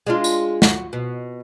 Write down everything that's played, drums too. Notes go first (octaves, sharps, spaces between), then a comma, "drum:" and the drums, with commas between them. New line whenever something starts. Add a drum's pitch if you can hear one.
G#3 D4 F4
drum: tambourine
F#4, drum: snare
B2